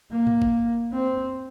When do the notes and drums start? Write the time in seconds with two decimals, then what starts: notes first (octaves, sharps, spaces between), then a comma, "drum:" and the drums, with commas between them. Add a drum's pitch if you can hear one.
0.11 A#3
0.27 drum: tom G#2
0.42 drum: kick
0.92 C4